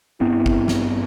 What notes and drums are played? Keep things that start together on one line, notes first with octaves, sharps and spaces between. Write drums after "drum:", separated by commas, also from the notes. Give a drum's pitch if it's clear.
G2 B3 C4 E4
drum: kick
drum: snare